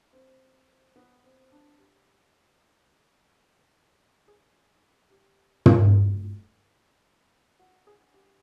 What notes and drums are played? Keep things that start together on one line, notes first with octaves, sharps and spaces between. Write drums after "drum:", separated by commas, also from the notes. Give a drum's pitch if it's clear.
C4
B3
C4
D4
G4
G#4
G4
drum: tom
F#4
G#4
G4